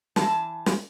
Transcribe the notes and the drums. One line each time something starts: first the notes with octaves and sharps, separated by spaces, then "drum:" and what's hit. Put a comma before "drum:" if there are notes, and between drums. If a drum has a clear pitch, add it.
E3 A5, drum: snare
drum: snare